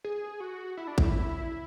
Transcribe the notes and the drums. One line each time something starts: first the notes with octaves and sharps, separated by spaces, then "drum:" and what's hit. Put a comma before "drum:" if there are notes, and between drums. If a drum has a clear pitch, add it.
G#4
F#4
E4
D4
E4, drum: kick A1